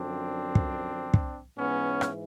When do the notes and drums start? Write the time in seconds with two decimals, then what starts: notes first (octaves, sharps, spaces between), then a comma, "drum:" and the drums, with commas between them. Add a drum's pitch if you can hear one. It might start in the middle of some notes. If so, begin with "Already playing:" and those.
Already playing: F#2 D3 F3 C4 D4
0.55 drum: kick
1.14 drum: kick
1.57 G#2 E3 B3 C#4
2.01 drum: rim click